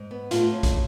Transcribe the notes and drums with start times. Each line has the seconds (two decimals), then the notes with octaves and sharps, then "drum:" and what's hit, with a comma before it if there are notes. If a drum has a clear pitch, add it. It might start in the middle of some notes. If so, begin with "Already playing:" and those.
Already playing: G#2
0.11 B3
0.31 A2 F4, drum: hi-hat
0.52 C#4
0.63 drum: kick A#1, hi-hat